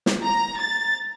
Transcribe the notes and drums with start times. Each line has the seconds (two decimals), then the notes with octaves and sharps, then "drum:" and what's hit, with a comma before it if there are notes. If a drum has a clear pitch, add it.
0.06 drum: snare
0.23 A#5
0.59 A6